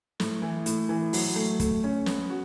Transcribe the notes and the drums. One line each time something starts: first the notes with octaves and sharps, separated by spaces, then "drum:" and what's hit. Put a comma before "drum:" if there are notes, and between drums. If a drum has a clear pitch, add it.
A2, drum: snare
E3
A2, drum: hi-hat
E3
F#3, drum: open hi-hat
A3
A3, drum: kick, hi-hat
C#4
B3, drum: snare
F#4